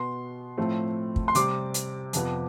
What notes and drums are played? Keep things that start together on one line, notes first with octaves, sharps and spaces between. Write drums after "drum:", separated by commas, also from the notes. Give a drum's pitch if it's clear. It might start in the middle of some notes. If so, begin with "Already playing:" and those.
Already playing: B2 B3 C6
A2 F3 A3 C4
drum: kick
C6
C3 G3 C4 D6, drum: hi-hat
drum: hi-hat
F2 C3 F3 B3, drum: hi-hat